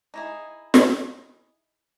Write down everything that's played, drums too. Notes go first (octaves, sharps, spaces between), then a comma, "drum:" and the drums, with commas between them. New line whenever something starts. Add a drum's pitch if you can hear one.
D#4 E4 G#4
drum: snare